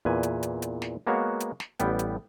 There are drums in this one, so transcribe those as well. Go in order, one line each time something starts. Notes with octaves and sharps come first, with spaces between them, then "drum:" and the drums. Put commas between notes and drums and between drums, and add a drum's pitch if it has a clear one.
E2 A#2 B4 G#5
drum: hi-hat
drum: hi-hat
drum: hi-hat
drum: snare
G#3 A#3 B3 F#4 C#5 F5
drum: hi-hat
drum: snare
A1 G3 B3 G5, drum: hi-hat
drum: hi-hat